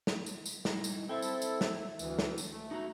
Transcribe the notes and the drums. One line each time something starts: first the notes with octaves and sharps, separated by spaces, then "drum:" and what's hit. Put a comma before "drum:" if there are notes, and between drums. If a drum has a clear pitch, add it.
drum: snare
drum: tambourine
drum: tambourine
G3 D#4 E4, drum: snare
drum: tambourine
C4 E4 A4 E5 G5
drum: tambourine
drum: tambourine
drum: snare
D2 E3, drum: tambourine
drum: snare
drum: tambourine
A3
D#4 F#4 A#5